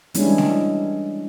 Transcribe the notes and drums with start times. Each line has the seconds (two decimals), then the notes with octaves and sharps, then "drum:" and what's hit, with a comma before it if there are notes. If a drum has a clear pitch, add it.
0.14 E3 G3 G#3 C#4 D4 E4, drum: hi-hat
0.38 drum: snare A3